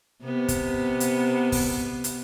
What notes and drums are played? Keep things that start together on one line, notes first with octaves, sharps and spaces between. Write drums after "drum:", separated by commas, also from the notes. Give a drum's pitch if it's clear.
C3 B3
drum: kick, hi-hat
drum: hi-hat
drum: kick, open hi-hat
drum: hi-hat